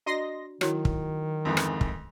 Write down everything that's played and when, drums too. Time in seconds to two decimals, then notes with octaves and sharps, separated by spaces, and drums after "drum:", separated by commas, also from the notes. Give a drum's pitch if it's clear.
0.06 D4 F#4 D5 D#5 C6 A#6
0.61 D#3 F#3 E4 F#4, drum: rim click
0.85 drum: kick
1.45 F2 G#2 E3
1.57 drum: rim click
1.81 drum: kick